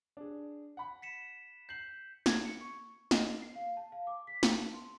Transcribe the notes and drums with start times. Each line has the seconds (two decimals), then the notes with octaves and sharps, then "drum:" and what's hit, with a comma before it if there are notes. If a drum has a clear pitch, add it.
0.17 D4 G#4
0.77 F#5 B5
1.02 B6 C#7 E7
1.69 G6 C7 F#7
2.26 G#6, drum: snare
2.45 C#7
2.61 C#6
3.11 D#5, drum: snare
3.42 C7
3.55 F5
3.77 A5
3.92 F5
4.07 D6
4.27 B6
4.43 A5, drum: snare
4.74 C6